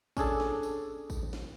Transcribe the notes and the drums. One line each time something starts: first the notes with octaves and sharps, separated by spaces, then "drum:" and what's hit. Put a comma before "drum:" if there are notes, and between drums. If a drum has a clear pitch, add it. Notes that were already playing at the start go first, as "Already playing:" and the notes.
C#4 D4 G#4 A4, drum: kick, tambourine
drum: snare
drum: tambourine
drum: kick, tambourine
drum: snare